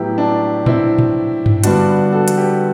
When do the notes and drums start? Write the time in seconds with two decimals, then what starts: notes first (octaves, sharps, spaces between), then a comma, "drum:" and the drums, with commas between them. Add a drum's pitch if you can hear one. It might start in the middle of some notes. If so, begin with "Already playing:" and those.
Already playing: A2 F#3 B3 E4 G4
0.18 D4
0.66 C4 E4, drum: tom A#2
0.98 drum: tom A#2
1.46 drum: tom G2
1.64 G2 D3 G3 B3 D4 F#4, drum: hi-hat
2.13 F#4 A4
2.28 drum: hi-hat
2.37 G4 B4